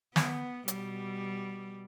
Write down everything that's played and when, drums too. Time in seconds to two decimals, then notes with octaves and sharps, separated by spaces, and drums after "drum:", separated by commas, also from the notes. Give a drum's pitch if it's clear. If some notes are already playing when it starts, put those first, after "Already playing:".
0.16 B3, drum: snare
0.68 B2 G3, drum: hi-hat